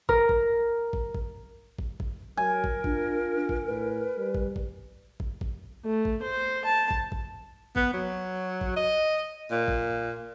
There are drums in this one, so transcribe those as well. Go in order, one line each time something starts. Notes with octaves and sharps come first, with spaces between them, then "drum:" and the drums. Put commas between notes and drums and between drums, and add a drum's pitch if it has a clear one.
A#4, drum: kick
drum: kick
drum: kick
drum: kick
drum: kick
drum: kick
F#3 A#4 G#5
drum: kick
D4 F4, drum: kick
drum: kick
A2 B4
G3
drum: kick
drum: kick
drum: kick
drum: kick
A3
drum: kick
C5
A5
drum: kick
drum: kick
B3, drum: kick
F#3
drum: kick
D#5
A#2
drum: kick